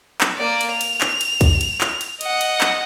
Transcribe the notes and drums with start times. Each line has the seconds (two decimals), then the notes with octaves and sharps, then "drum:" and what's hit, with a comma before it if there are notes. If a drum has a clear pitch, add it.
0.21 drum: clap
0.37 A#3 D5
0.61 drum: cymbal
0.71 F7
0.81 drum: cymbal
1.01 drum: clap
1.21 drum: cymbal
1.41 drum: kick, cymbal
1.61 drum: cymbal
1.81 drum: clap
2.01 drum: cymbal
2.21 D#5 F#5, drum: cymbal
2.41 drum: cymbal
2.61 drum: clap